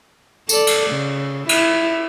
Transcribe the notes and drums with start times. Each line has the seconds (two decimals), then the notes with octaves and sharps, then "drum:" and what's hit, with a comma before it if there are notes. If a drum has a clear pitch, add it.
0.49 A4 D5, drum: tambourine
0.67 drum: cymbal
0.91 C#3
1.49 E4, drum: cymbal